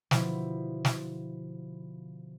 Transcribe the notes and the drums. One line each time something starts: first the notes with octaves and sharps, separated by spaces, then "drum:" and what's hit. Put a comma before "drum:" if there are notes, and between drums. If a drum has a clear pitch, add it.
B2 D3 F3 E4, drum: snare
drum: snare